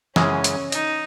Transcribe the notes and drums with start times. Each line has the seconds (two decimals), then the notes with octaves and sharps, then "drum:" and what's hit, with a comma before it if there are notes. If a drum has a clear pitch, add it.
0.16 F#2 C#3 E3 G#3 C#4, drum: snare
0.44 drum: hi-hat
0.72 D#4, drum: hi-hat